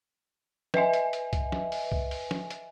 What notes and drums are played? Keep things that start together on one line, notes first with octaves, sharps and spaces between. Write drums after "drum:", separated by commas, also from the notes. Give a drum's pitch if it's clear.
B4 D#5 E5 G#5, drum: snare
drum: hi-hat
drum: hi-hat
drum: kick C2, hi-hat
drum: snare
drum: open hi-hat
drum: kick C2
drum: open hi-hat
drum: snare
drum: hi-hat